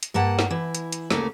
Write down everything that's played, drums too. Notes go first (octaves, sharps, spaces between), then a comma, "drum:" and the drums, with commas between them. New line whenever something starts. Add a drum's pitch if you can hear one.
drum: hi-hat
G2 A#3 F#5 A5
drum: snare
E3 E4
drum: hi-hat
drum: hi-hat
D2 C#3 A3 A#3, drum: snare